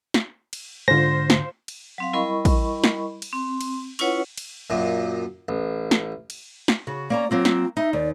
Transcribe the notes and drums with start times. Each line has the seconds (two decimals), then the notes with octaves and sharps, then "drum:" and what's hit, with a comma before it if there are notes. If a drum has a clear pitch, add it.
0.14 drum: snare
0.53 drum: cymbal
0.88 G#2 D3 F4 C5 A#6
1.30 drum: snare
1.68 drum: cymbal
1.98 F#3 C4 F5
2.13 G3 E4 A#4 D#5 B5 C#6
2.45 drum: kick, cymbal
2.84 drum: snare
3.22 drum: cymbal
3.33 C4
3.61 drum: cymbal
3.99 C#4 E4 F4 B4 C#5 F#5, drum: cymbal
4.37 drum: cymbal
4.70 F#2 A#2
5.49 A1
5.91 drum: snare
6.30 drum: cymbal
6.68 drum: snare
6.87 C#3 F#4
7.10 A#3 C#4 D5 A#5
7.31 F#3 A#3 C4 F4
7.45 drum: snare
7.77 D#4 E5
7.93 D#2 D5